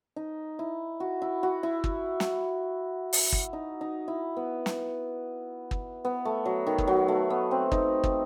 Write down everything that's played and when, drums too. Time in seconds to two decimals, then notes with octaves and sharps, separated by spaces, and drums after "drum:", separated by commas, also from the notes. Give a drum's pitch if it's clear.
0.16 D#4
0.59 E4
1.00 F#4
1.22 E4
1.43 F#4
1.63 E4
1.84 drum: kick
2.20 drum: snare
3.13 drum: open hi-hat
3.32 drum: kick
3.53 D#4
3.81 D#4
4.08 E4
4.37 B3
4.66 drum: snare
5.71 drum: kick
6.05 B3
6.25 A3
6.45 F#3
6.67 D#3
6.78 drum: kick
6.87 F#3
7.08 A3
7.30 B3
7.51 C4
7.72 D#4, drum: kick
8.04 drum: kick